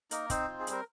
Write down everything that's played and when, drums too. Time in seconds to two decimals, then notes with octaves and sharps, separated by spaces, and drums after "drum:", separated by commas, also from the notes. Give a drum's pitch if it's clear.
0.11 A#3 D#4 A#4, drum: hi-hat
0.30 C4 D#4 C5, drum: kick, hi-hat
0.48 F4
0.60 G#4
0.67 G3 A#4, drum: hi-hat